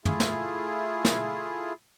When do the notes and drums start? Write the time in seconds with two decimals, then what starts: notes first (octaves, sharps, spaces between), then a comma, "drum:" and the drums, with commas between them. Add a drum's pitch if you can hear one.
0.05 A3 E4 F4 G#4, drum: tom
0.20 drum: snare
1.05 drum: snare